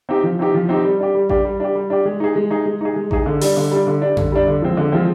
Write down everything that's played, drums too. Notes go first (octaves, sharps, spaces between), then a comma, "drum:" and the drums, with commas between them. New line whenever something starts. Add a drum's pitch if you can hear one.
C4 D#4 G4
F3
C4 D#4 G4
F3
C4 D#4 G4
G3
D4 G4
G3
D4 G4, drum: kick A1
G3
D4 G4
G3
D4 G4
G#3
D#4 G#4
G#3
D#4 G#4
G#3
D#4 G#4
G#3
D#4 G#4, drum: kick A1
D3
G3 D4, drum: open hi-hat
D3
G3 D4
D3
G3 D4
D3, drum: tom F2
G3 D4
D3
F3 G#3 C4
D3
F3 G#3 C4